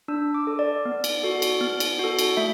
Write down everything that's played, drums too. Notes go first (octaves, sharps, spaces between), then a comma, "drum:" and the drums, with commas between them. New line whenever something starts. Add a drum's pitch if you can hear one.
D4 E6
D6
A4
D5
B3
drum: cymbal
F#4 A4
drum: cymbal
B3
drum: cymbal
F#4 A4
drum: cymbal
A3 E5